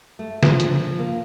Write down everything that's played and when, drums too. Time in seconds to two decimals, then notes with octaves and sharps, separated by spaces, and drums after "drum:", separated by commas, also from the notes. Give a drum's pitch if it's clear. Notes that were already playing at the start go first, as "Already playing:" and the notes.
0.19 A3
0.43 F3, drum: snare
0.60 drum: hi-hat
0.99 A#3